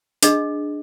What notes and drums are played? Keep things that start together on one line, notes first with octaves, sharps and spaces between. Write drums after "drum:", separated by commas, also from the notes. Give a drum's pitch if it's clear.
D4 G#4 D#5, drum: hi-hat